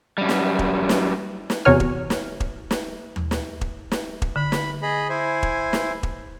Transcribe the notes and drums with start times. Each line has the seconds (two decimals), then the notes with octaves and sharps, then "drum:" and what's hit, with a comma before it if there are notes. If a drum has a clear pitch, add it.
0.18 F#2 G3
0.29 drum: snare
0.59 drum: kick E1
0.89 drum: snare
1.50 drum: snare
1.65 E2 C3 F#4 C#5 G#5 F6
1.80 drum: kick E1
2.10 drum: snare
2.40 drum: kick E1
2.71 drum: snare
3.16 drum: tom D#2
3.31 drum: snare
3.61 drum: kick E1
3.92 drum: snare
4.22 drum: kick E1
4.36 D3 B5
4.52 drum: snare
4.82 G#4 D#5 B5
5.09 E4 C5 G#5
5.43 drum: kick E1
5.73 drum: snare
6.03 drum: kick E1